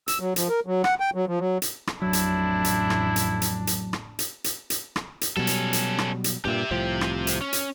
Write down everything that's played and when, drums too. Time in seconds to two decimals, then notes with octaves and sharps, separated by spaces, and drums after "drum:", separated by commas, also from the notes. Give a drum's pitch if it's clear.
0.08 E6, drum: hi-hat
0.20 F#3
0.36 F3, drum: hi-hat
0.49 A#4
0.67 F#3
0.84 F#5, drum: rim click
1.00 G5
1.15 F#3
1.28 F3
1.39 F#3
1.62 drum: hi-hat
1.87 drum: rim click
2.02 A1 F2 F#3 D4 E4
2.13 drum: hi-hat
2.64 drum: hi-hat
2.90 drum: rim click
3.16 drum: hi-hat
3.42 drum: hi-hat
3.67 drum: hi-hat
3.93 drum: rim click
4.19 drum: hi-hat
4.44 drum: hi-hat
4.70 drum: hi-hat
4.96 drum: rim click
5.21 drum: hi-hat
5.37 B2 F#3 G3 C#4 A4
5.47 drum: hi-hat
5.73 drum: hi-hat
5.98 drum: rim click
6.24 drum: hi-hat
6.45 G2 A#2 G4 E5
6.71 C2 A2 F3 C4 G4
7.01 drum: rim click
7.27 drum: hi-hat
7.41 C#4
7.53 drum: hi-hat